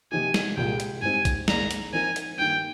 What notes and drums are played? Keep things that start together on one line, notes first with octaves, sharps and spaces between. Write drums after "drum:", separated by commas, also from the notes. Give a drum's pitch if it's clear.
C3 F3 A#3 D#4 G4 G#5
drum: snare
C2 A#2 G#3 G5
drum: hi-hat
G#2 G3 C4 D#4 G#5
drum: kick, hi-hat
D#3 A#3 D#4 G#4 D5 A#5, drum: snare
drum: hi-hat
F3 C4 D#4 A#4 G#5
drum: hi-hat
G2 D#3 A#3 G5